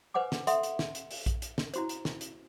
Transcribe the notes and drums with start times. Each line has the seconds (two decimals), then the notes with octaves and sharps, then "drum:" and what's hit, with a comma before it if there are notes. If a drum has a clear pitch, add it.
0.14 B4 C5 F#5 G#5 D6
0.32 drum: snare
0.47 A4 E5 F#5 C6, drum: hi-hat
0.63 drum: hi-hat
0.79 drum: snare
0.95 drum: hi-hat
1.11 drum: open hi-hat
1.26 drum: kick A#1, hi-hat
1.42 drum: hi-hat
1.58 drum: snare
1.74 E4 F#4 C5, drum: hi-hat
1.89 drum: hi-hat
2.05 drum: snare
2.21 drum: hi-hat